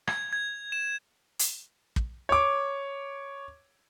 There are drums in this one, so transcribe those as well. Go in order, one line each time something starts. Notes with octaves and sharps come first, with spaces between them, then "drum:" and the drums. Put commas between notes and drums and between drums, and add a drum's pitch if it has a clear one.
G#6, drum: rim click
G#6
E7
drum: hi-hat
drum: kick
C#5 D6